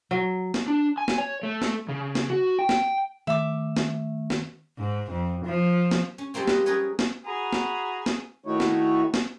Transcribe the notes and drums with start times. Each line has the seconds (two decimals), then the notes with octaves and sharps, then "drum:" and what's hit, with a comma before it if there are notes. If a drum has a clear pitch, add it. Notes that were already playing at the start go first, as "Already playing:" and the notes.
0.11 F#3
0.54 drum: snare
0.68 D4
0.98 G#5
1.08 drum: snare
1.18 C#5
1.43 A3
1.62 drum: snare
1.89 C#3
2.15 drum: snare
2.30 F#4
2.59 G5
2.69 drum: snare
3.27 D#3 A3 E5 D6
3.77 drum: snare
4.30 drum: snare
4.79 G#2
5.11 F2
5.45 F3
5.91 drum: snare
6.18 C#4
6.34 F3 G3 G#3 A#3 C4
6.48 B4 D#5, drum: snare
6.66 C#4 G#4 A#4 B4 C#5 D#5
6.99 drum: snare
7.26 F#4 G#4 A#5 B5
7.53 drum: snare
8.06 drum: snare
8.46 D#3 A3 D#4 E4 F#4 C#5
8.60 drum: snare
9.14 drum: snare